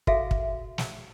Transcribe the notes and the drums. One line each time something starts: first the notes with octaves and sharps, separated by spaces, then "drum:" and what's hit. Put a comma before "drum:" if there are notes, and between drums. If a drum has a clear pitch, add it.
F#4 G#4 A4 E5 F5, drum: kick
drum: kick
drum: snare